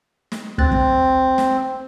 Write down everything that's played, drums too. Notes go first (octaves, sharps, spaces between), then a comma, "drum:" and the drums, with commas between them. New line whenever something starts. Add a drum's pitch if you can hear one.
drum: snare
D2 C4 F#6 A6
drum: kick
drum: snare